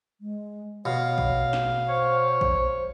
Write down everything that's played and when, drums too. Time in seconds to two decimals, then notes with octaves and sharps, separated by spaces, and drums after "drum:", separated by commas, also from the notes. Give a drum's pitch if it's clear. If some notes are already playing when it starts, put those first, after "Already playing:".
0.21 G#3
0.85 B2 C#5 F5
1.18 drum: kick A#1
1.53 drum: snare
1.88 C5 C#5
2.41 drum: kick A#1